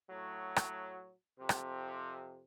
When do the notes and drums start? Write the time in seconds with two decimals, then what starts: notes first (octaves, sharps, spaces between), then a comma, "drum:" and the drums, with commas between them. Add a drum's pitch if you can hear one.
0.10 A2 F#3
0.56 drum: rim click
1.39 F2 C3
1.49 drum: rim click